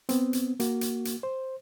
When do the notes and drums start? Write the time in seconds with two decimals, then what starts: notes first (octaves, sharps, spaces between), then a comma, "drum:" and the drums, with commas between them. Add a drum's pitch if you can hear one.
0.09 B3 C4, drum: hi-hat
0.33 drum: hi-hat
0.60 A#3 F#4, drum: hi-hat
0.81 drum: hi-hat
1.05 drum: hi-hat
1.23 C5